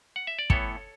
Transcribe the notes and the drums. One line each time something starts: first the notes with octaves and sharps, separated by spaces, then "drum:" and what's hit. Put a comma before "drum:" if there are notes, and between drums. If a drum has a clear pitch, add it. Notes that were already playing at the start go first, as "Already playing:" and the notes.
F#5
E5
D5
A2 E3 B3 A4 C#5, drum: kick